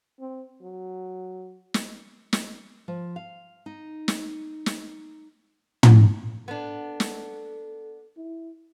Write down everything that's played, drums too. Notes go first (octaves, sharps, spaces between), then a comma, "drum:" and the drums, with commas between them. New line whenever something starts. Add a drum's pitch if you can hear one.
C4
F#3
drum: snare
drum: snare
F3
F5
D#4
drum: snare
drum: snare
drum: tom
B3 D4 A4
drum: snare
E4